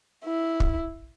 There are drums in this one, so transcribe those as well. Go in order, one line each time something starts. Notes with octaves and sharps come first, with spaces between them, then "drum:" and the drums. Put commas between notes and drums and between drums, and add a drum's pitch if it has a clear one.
E4
drum: kick